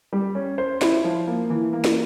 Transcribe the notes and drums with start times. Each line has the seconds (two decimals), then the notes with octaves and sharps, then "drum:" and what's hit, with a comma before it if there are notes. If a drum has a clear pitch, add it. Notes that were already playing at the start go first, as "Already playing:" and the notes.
0.13 G3
0.35 C#4
0.58 C5
0.82 E4, drum: snare
1.04 F3
1.27 A#3
1.50 E3
1.73 A#3
1.84 drum: snare